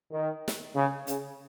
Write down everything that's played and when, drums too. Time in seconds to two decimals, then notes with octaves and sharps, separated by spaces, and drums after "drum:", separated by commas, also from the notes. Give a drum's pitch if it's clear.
0.11 D#3
0.48 drum: snare
0.76 C#3
1.07 C#3, drum: hi-hat